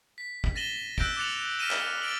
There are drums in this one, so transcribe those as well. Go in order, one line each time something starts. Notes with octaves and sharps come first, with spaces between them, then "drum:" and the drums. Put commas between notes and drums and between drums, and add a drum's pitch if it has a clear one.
B6
drum: kick
A6 A#6 D#7 E7 F#7 G7
E6 F#6 G6 A#6 B6 D7, drum: kick
D6 F#6 A6 C#7 F7
F6 A#6 B6 D#7 E7 G7
drum: clap
E6 A6 D7 F#7